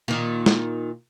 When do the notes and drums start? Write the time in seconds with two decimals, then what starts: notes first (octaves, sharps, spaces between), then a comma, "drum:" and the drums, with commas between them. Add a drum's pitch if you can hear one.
0.08 A#2 D#3
0.46 drum: snare